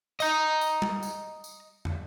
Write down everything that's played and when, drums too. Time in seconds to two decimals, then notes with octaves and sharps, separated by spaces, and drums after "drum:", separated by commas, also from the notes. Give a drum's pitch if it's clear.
0.20 D#5 A#5, drum: tambourine
0.61 drum: tambourine
0.82 drum: tom G3
1.03 drum: tambourine
1.44 drum: tambourine
1.85 drum: tom